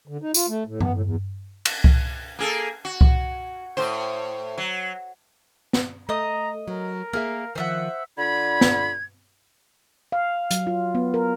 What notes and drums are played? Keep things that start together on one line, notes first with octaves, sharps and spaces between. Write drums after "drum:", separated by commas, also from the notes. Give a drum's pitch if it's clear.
D3
D#4
F4, drum: tambourine
A3
A2
B3, drum: tom G2
A2
E2
drum: cymbal
drum: kick C2
A#3 G#4 A4
F#4
drum: kick C2
A2 C5
F#3
drum: snare
A3 D#5 A#5 D#6
F#3 A#4
A#3 G#4 E5 F5
D#3 F3 C5 E5 F#5
D3 F4 B5 G#6
drum: snare
F5
F#3, drum: hi-hat
F4
B3
A#4